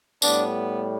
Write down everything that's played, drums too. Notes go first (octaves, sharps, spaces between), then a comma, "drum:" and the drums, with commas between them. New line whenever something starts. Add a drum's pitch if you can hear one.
A2 G3 B3 D4, drum: tambourine